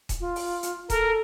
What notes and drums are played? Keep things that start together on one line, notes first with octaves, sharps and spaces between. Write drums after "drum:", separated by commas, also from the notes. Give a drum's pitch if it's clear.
drum: kick D#1, hi-hat
F4
drum: open hi-hat
drum: hi-hat
A4 A#4, drum: kick D#1, hi-hat